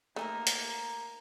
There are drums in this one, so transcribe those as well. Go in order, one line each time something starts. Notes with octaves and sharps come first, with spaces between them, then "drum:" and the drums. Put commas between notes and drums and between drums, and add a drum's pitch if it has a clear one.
A3 A#3 D#4 G4 A#4
drum: hi-hat